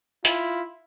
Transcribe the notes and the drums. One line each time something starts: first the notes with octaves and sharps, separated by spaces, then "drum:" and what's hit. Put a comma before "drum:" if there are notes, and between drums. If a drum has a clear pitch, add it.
E4 F4, drum: hi-hat